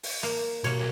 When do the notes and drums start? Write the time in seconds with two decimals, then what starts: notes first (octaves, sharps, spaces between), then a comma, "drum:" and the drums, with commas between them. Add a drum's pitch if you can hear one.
0.03 drum: open hi-hat
0.23 A#3
0.64 B1 A#3 C#5, drum: cymbal